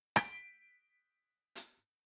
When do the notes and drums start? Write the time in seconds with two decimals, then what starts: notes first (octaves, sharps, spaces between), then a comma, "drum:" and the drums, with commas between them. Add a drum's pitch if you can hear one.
0.16 B6 D7 G7, drum: rim click
1.56 drum: hi-hat